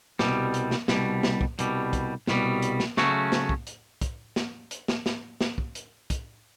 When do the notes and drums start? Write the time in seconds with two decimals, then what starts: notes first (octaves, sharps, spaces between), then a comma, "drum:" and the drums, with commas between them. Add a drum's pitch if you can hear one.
0.19 C2 B2 G3, drum: snare
0.54 drum: hi-hat
0.71 drum: snare
0.88 C2 B2 G3, drum: snare
1.23 drum: snare
1.41 drum: kick
1.59 C2 B2 G3, drum: hi-hat
1.93 drum: kick, hi-hat
2.27 C2 B2 G3, drum: snare
2.62 drum: hi-hat
2.80 drum: snare
2.97 C#3 F#3 A3 C#4 F#4, drum: snare
3.32 drum: snare
3.49 drum: kick
3.67 drum: hi-hat
4.01 drum: kick, hi-hat
4.36 drum: snare
4.71 drum: hi-hat
4.88 drum: snare
5.06 drum: snare
5.41 drum: snare
5.58 drum: kick
5.75 drum: hi-hat
6.10 drum: kick, hi-hat